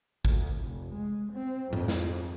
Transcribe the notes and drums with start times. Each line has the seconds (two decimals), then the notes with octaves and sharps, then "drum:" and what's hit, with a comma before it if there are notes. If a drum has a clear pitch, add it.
0.25 D2, drum: kick G#1
0.58 F1
0.94 G#3
1.33 C4
1.73 F2, drum: tom G#2
1.88 drum: snare